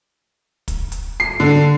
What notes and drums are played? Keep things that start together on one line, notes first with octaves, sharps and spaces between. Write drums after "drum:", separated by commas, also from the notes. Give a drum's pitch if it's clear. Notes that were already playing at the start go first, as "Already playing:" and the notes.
drum: kick, hi-hat
drum: hi-hat
C7
D3